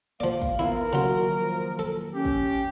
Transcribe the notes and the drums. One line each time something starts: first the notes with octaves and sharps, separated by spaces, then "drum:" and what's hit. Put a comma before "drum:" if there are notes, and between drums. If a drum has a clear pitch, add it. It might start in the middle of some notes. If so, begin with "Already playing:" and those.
F3 A#3 D5 F5
drum: kick, open hi-hat
E3 B3 E4 F4 A#4
D#2 C#3 F#3 F4 F#4 F#5
F3
A4, drum: hi-hat
C#4 G4
drum: kick, open hi-hat